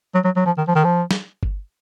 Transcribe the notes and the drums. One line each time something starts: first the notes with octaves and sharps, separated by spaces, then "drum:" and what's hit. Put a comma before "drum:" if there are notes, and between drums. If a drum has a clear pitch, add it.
F#3
F#3
F#3
F3
D#3
F3
D#3
F3
drum: snare
drum: kick G1